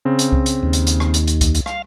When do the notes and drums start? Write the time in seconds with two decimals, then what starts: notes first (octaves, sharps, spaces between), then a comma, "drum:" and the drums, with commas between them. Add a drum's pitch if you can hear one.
0.05 C#3 C4
0.19 drum: hi-hat
0.32 drum: kick C2
0.46 drum: hi-hat
0.63 D#2
0.73 drum: hi-hat
0.87 drum: hi-hat
1.00 drum: rim click
1.14 drum: hi-hat
1.27 drum: hi-hat
1.41 drum: kick C2, hi-hat
1.55 drum: hi-hat
1.66 F5, drum: rim click